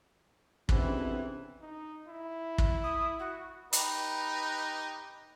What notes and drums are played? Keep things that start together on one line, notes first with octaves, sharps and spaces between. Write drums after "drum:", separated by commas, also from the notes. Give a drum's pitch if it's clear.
F2 C3 E3 B3 C#4 D4 G#4, drum: kick
D#4
E4
drum: kick
D#6
F#4
D#4 G4 B4, drum: hi-hat